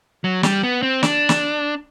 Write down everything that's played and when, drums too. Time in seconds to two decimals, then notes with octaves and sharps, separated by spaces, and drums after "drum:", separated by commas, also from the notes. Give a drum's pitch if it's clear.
0.24 F#3
0.43 G3, drum: snare
0.63 B3
0.83 C4
1.03 D4, drum: snare
1.29 drum: snare